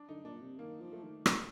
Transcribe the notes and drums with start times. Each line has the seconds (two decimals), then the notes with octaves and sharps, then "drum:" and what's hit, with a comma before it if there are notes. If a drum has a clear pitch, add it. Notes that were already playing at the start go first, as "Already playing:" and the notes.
Already playing: D4
0.08 D3 D#4
0.25 A#2 D4
0.41 C3
0.59 D#3 A#3
0.81 F3
0.92 A3
1.03 D#3
1.26 D3, drum: rim click